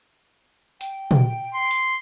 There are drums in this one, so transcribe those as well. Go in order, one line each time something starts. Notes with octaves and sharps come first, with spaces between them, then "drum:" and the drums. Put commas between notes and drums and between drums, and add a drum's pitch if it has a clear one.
G5, drum: hi-hat
drum: tom
C6
drum: hi-hat